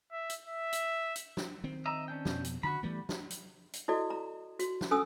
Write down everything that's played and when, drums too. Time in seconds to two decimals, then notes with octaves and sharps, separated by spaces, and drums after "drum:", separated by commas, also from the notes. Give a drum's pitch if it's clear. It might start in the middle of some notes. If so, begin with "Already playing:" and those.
0.12 E5
0.30 drum: hi-hat
0.47 E5
0.73 drum: hi-hat
1.15 drum: hi-hat
1.37 drum: snare
1.64 D#3 C4
1.86 D#5 E5 A#5
2.08 C#4 D4 G5
2.25 F2 B2, drum: snare
2.44 drum: hi-hat
2.63 D3 F#4 B5
2.83 E3 G3 A3 B3
3.09 drum: snare
3.30 drum: hi-hat
3.73 drum: hi-hat
3.88 E4 F#4 A4 D5 D#5
4.10 A#5
4.59 F#4, drum: hi-hat
4.81 drum: snare
4.91 C#4 A4 G#5 D#6 E6